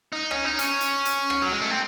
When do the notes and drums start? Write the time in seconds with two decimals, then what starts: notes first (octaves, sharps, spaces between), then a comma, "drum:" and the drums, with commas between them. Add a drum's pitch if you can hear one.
0.13 D#4
0.31 C#4, drum: rim click
0.45 D#4
0.59 C#4, drum: hi-hat
0.81 drum: hi-hat
1.05 drum: hi-hat
1.30 drum: rim click
1.42 F#3
1.52 G#3
1.61 A3
1.70 C4